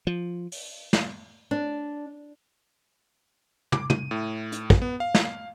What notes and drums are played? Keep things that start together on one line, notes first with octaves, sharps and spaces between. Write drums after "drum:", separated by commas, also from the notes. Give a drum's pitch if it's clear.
F3
drum: open hi-hat
drum: snare
D4
D6, drum: tom
D#7, drum: tom
A2
drum: hi-hat
drum: kick
B3
F5
drum: snare